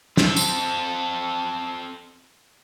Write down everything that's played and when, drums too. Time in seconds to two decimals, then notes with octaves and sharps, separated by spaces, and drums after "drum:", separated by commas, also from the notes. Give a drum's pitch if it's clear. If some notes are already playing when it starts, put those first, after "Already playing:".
0.17 C4 A4, drum: snare
0.36 drum: tambourine